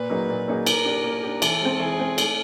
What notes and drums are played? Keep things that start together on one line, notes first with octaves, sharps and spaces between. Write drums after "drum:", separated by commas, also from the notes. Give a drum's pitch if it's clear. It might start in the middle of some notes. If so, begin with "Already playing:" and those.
Already playing: A#2 B4
F#3 A#3 D#4 G#4
A#2
F#3 A#3 D#4 G#4
A#3 A#4, drum: cymbal
D4 G4
A#3
D4 G4
E3 A4, drum: cymbal
G#3 C4
E3 G#4
G#3 C4
A3, drum: cymbal